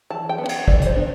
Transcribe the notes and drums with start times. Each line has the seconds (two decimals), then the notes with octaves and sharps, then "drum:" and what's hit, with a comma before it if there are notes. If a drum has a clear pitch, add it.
0.10 E3 A5
0.29 G5
0.38 B3
0.44 D4
0.49 F#5, drum: cymbal
0.68 E3 D5, drum: kick
0.82 D5, drum: hi-hat
0.86 C5
0.95 B3 D4